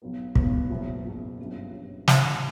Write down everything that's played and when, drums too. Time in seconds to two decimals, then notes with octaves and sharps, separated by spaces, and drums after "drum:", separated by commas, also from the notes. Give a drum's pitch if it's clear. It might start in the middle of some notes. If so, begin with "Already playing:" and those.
0.02 B1 B2 F#3 B3
0.35 B1 B2 F#3 B3, drum: kick
0.70 F#1 E2 B2
1.04 F#1 E2 B2
1.38 G1 G2 F#3 C#4
1.73 G1 G2 F#3 C#4
2.08 A1 G2 E3, drum: snare